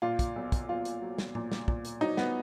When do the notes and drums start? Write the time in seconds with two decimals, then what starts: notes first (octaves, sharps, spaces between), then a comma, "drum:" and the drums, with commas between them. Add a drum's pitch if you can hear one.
0.02 A#2 F4
0.19 drum: kick, hi-hat
0.36 B1
0.52 drum: kick, hi-hat
0.69 B1 F4
0.85 drum: hi-hat
1.02 F#3
1.18 drum: snare
1.35 A#2, drum: tom A2
1.52 drum: snare
1.68 A#2, drum: kick
1.85 drum: hi-hat
2.01 F#3 D#4
2.17 B3, drum: snare